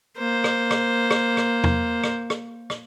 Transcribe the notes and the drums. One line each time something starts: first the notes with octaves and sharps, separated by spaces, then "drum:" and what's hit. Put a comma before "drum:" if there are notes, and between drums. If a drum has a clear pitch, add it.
A#3 C5
drum: rim click
drum: rim click
drum: rim click
drum: rim click
drum: tom E2
drum: rim click
drum: rim click
drum: rim click